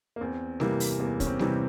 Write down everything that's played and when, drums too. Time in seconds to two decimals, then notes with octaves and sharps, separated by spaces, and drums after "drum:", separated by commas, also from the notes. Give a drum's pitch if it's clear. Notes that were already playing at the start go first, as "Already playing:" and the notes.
0.16 A#3
0.21 E2 C4
0.60 C3 E3 G3 A#3, drum: snare G3
0.80 drum: open hi-hat
0.99 E2 A#3
1.20 C#4, drum: kick, hi-hat
1.27 C4
1.39 C3 E3 G3, drum: snare G3